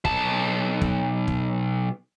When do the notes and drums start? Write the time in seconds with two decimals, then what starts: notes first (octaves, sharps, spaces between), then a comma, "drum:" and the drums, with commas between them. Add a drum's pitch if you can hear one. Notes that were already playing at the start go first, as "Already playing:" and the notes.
0.05 B1 A5, drum: kick
0.82 drum: kick
1.28 drum: kick